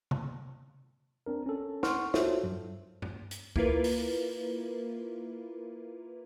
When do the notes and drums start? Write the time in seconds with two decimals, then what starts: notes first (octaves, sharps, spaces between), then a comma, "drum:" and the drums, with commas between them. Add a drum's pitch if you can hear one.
0.11 drum: tom C3
1.26 C4 D4 A#4
1.46 C#4 A4
1.83 F#5 C6 C#6 F6, drum: snare
2.14 F4 F#4 A4 C5 C#5 E5, drum: snare
2.43 G2 F#3
3.02 drum: tom G2
3.31 drum: hi-hat
3.56 A#3 E4 F4 A#4 B4, drum: kick
3.84 drum: open hi-hat